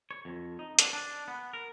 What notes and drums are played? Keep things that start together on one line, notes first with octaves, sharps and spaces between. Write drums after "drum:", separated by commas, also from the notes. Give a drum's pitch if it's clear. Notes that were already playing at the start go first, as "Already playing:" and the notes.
C#5
F2
D#4
D4, drum: hi-hat
D4
B3
A#4